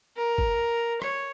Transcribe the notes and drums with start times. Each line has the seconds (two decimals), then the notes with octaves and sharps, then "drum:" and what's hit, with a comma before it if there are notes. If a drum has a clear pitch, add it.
0.17 A#4
0.38 drum: kick
1.02 C#5, drum: rim click